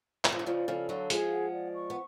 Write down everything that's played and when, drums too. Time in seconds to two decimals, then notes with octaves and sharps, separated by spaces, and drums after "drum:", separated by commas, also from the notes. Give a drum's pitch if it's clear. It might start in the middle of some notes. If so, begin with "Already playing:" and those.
0.25 D3 F4, drum: clap
0.32 F3
0.39 D3
0.46 C#3 F3 D5
0.67 C#3 F3 A4
0.89 D3 F#3 F5
1.10 F3 G#3 G#4, drum: hi-hat
1.31 F#5
1.53 D5
1.75 C#6
1.90 B3